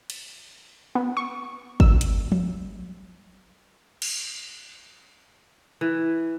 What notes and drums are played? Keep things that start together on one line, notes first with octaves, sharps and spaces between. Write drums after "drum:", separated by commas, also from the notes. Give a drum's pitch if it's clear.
drum: cymbal
B3
C#6
E6, drum: kick
drum: hi-hat
drum: tom
drum: cymbal
E3